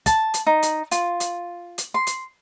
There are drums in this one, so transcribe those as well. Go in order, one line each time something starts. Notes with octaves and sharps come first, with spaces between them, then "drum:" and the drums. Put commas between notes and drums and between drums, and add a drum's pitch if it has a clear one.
A5, drum: kick, hi-hat
drum: hi-hat
D#4
drum: hi-hat
F4, drum: hi-hat
drum: hi-hat
drum: hi-hat
C6
drum: hi-hat